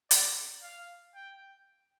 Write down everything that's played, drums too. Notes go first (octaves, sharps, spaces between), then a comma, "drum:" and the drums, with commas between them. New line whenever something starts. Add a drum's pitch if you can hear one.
D5, drum: hi-hat
F5
G5